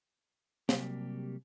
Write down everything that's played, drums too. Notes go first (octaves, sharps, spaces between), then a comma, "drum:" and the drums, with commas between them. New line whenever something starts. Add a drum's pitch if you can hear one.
C3 E3 F#3 G3 A#3 G4, drum: snare